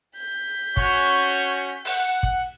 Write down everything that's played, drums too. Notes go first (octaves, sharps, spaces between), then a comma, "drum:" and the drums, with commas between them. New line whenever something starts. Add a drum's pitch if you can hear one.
G6 B6
C#4 F#4 C#5, drum: kick
F#5, drum: open hi-hat
drum: kick